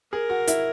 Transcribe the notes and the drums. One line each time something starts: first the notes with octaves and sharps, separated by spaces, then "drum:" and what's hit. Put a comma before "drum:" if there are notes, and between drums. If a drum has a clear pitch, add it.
G#4 A#4
F#4
E4, drum: hi-hat